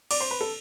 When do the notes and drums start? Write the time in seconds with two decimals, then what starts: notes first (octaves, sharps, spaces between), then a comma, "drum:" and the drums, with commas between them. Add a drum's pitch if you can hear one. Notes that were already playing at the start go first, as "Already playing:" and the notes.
0.11 D5, drum: cymbal
0.20 C5
0.31 B4
0.41 A4